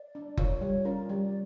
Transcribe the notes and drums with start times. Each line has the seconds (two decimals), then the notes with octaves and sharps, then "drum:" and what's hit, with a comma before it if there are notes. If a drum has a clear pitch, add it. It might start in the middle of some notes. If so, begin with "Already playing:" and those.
Already playing: D5
0.15 D4
0.37 F4 A#4 C#5, drum: kick F#1
0.54 D5
0.61 G3 C#5
0.85 C#4 F4 A#4 D5
1.09 G3